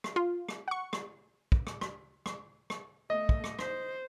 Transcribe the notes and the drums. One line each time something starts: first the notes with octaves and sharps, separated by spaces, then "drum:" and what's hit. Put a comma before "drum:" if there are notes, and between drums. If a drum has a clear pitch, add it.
drum: rim click
F4
drum: rim click
F#5 C#6
drum: rim click
drum: kick
drum: rim click
drum: rim click
drum: rim click
drum: rim click
A3 D#5
drum: kick
drum: rim click
C5, drum: rim click